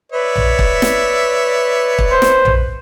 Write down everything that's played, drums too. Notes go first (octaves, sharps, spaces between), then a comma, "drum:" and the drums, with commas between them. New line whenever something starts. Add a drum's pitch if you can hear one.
B4 C#5 D5 E5
drum: tom A#1
drum: kick
drum: snare
drum: kick
C5
drum: snare
drum: tom A#1